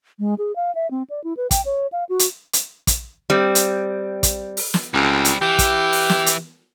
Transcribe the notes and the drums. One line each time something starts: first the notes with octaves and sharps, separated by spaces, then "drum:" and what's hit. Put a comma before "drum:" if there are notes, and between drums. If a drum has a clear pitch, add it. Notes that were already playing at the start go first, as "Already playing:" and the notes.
G#3
G#4
F5
E5
C4
D5
E4
B4
G5, drum: kick, hi-hat
C#5
F5
F#4
drum: hi-hat
drum: hi-hat
drum: kick, hi-hat
G3 C4
drum: hi-hat
drum: kick, hi-hat
drum: open hi-hat
drum: snare
C#2 G3 C4
drum: hi-hat
E3 G4
drum: kick, hi-hat
drum: open hi-hat
drum: snare
drum: hi-hat